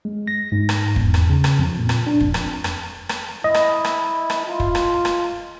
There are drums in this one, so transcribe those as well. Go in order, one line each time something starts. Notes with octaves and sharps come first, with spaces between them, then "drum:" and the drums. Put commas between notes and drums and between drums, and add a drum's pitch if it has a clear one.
G#3
A#6
G#2
drum: rim click
E2, drum: kick
drum: rim click
C#3
drum: rim click
F2
A#2
drum: rim click
D4
F2, drum: kick
drum: rim click
drum: rim click
drum: rim click
E4 D#5
drum: rim click
drum: rim click
drum: rim click
F4
drum: kick
drum: rim click
drum: rim click